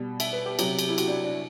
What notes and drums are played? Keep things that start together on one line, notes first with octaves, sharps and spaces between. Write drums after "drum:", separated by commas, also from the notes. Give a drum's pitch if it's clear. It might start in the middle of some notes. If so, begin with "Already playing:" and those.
Already playing: B2 G3
E5, drum: cymbal
B4
G4
C3 F#3 G4, drum: cymbal
drum: cymbal
E4
F#4, drum: cymbal
D4
E4
D4